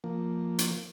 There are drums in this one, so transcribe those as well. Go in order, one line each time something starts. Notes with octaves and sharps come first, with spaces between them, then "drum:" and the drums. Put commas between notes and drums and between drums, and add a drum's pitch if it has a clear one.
F3 A#3
drum: hi-hat